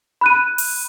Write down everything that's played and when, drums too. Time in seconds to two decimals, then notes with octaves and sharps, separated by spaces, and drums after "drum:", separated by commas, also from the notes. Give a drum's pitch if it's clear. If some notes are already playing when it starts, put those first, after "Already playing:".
0.21 B5 F#6 D#7
0.58 drum: open hi-hat